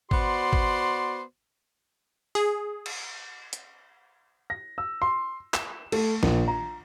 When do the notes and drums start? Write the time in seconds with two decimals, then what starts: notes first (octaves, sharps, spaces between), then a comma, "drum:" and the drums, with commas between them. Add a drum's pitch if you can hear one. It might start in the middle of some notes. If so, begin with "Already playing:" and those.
0.11 B3 F#4 C5 D5 C6, drum: kick G#1
0.53 drum: kick G#1
2.35 G#4, drum: open hi-hat
2.86 drum: cymbal
3.53 drum: hi-hat
4.50 A#6
4.78 E6
5.02 C6
5.54 E7, drum: clap
5.92 A3, drum: cymbal
6.23 A#1, drum: snare
6.48 A#5